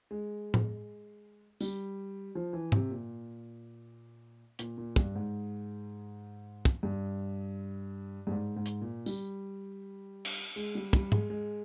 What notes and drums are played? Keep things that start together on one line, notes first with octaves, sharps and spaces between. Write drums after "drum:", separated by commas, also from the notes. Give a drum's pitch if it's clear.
G#3
drum: tom A2
G3, drum: tambourine
F3
E3
C3, drum: tom G#2
A#2
A#2, drum: hi-hat
A#2
G2, drum: kick
G#2
drum: kick
G2
G2
G#2
G#2
drum: hi-hat
A#2
G3, drum: tambourine
drum: cymbal
G#3
G3
G3, drum: kick
G#3, drum: tom G#2
G#3